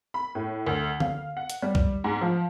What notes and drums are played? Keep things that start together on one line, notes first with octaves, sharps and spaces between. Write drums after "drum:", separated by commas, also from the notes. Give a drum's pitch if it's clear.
B5
A2
D2
F5, drum: tom D3
F#5
drum: hi-hat
G3
drum: kick
G#2
F3